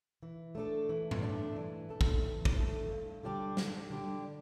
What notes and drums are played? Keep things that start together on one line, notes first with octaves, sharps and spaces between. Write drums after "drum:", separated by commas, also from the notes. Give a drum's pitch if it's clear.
E3
A3 D4 A4
E3
drum: tom G2
A3 D4 A4
E3
A3 D4 A4
drum: kick
E3
drum: kick
A3 D4 A4
G2
D3 G3 D4 G4
G2, drum: snare
D3 G3 D4 G4